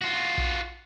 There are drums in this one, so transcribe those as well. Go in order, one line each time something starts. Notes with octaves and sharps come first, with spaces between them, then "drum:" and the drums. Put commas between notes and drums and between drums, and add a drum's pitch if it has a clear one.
F4 F#4
drum: kick A#1